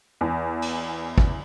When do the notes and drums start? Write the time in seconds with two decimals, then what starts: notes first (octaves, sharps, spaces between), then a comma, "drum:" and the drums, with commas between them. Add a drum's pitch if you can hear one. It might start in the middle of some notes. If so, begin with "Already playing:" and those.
0.21 E2
0.62 drum: cymbal
1.18 drum: kick